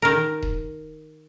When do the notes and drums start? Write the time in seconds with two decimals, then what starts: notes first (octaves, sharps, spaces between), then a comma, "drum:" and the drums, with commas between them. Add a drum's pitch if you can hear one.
0.02 D#3 A#4
0.42 drum: kick D#1